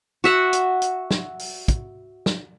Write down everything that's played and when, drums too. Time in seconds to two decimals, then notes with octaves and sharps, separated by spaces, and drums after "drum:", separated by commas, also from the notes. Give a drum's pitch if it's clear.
0.24 F#4 E5 F#5
0.53 drum: hi-hat
0.82 drum: hi-hat
1.11 drum: snare
1.39 drum: open hi-hat
1.68 drum: kick, hi-hat
2.26 drum: snare